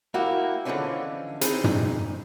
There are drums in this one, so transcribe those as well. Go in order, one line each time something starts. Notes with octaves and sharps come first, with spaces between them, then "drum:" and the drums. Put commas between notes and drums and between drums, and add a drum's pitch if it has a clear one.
A#3 E4 F#4 G4
D3 E3 F3 G#3 C#4 D4
E3 C4 D#4 G#4, drum: hi-hat
drum: tom